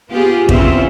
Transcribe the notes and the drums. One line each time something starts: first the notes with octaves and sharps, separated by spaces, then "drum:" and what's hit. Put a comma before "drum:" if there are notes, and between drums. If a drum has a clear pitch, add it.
B3 F4 G4 G#4
E2 C#3 C4 C#4 F4 E5, drum: kick